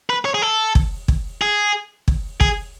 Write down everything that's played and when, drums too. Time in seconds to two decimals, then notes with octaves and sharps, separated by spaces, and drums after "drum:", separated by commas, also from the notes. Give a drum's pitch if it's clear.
0.10 B4
0.25 C#5
0.34 G#4
0.42 A4
0.75 drum: kick
1.08 drum: kick
1.41 G#4
2.08 drum: kick
2.41 G#4, drum: kick